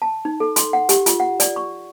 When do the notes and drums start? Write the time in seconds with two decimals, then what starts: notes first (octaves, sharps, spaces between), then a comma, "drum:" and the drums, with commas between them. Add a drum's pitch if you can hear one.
0.02 A5
0.25 D#4
0.40 A4
0.56 C6, drum: hi-hat
0.73 F#5
0.89 G4, drum: hi-hat
1.06 F4, drum: hi-hat
1.20 F#5
1.40 D5, drum: hi-hat
1.56 C#6